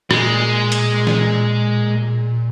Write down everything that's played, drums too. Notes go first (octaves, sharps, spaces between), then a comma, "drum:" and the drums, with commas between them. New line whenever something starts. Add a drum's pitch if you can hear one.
A#2 G#3, drum: rim click
drum: hi-hat
drum: snare